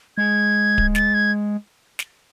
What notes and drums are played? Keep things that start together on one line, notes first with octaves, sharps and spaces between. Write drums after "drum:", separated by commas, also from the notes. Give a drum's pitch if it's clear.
G#3 G#6
drum: kick D1
A6, drum: snare
G#6
drum: snare